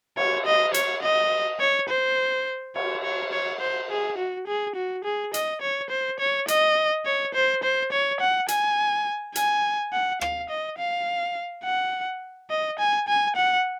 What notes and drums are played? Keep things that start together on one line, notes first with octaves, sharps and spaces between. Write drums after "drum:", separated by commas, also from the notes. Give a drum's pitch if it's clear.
C#5, drum: cymbal
D#5
C#5, drum: hi-hat
D#5
C#5
C5
C#5, drum: cymbal
C#5
C#5
C5
G#4
F#4
G#4
F#4
G#4
D#5, drum: hi-hat
C#5
C5
C#5
D#5, drum: hi-hat
C#5
C5
C5
C#5
F#5
G#5, drum: hi-hat
G#5, drum: hi-hat
F#5
F5, drum: rim click
D#5
F5
F#5
D#5
G#5
G#5
F#5